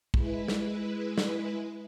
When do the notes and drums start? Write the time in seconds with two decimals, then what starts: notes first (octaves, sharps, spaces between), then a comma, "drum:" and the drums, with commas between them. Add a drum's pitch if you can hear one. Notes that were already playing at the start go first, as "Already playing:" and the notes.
0.14 G#3 E4 B4, drum: kick
0.48 drum: snare
1.18 drum: snare